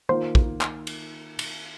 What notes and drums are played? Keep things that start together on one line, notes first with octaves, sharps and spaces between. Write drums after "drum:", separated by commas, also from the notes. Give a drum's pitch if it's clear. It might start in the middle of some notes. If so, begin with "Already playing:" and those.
D#3 A#3 F4 C5
drum: kick
drum: clap
drum: cymbal
drum: cymbal